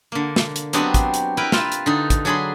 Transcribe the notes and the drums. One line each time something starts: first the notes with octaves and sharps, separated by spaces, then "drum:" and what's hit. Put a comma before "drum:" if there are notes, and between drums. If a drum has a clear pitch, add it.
D3 A#3
drum: snare
drum: hi-hat
F#3 B3 C4 D4 G4 D#5, drum: hi-hat
drum: kick, hi-hat
drum: hi-hat
E4 A#4 B4 G5
F4 E5 G5, drum: snare
drum: hi-hat
D3 D#4
drum: kick, hi-hat
F#3 D4 G#4 B5 C6